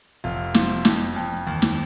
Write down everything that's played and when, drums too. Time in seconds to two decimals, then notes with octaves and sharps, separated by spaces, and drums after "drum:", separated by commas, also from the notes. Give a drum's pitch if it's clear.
0.24 F1 F4
0.54 F3, drum: snare
0.85 F2, drum: snare
1.16 F2
1.47 D#2
1.62 drum: snare